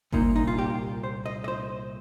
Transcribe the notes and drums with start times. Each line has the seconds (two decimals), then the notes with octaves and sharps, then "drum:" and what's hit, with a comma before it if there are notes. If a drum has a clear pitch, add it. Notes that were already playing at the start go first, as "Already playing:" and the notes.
0.12 C2 A#2 A#3 D#4, drum: kick G1
0.36 D#4
0.48 F4
0.59 G4
1.03 C5
1.26 D#5
1.44 D#5
1.48 C5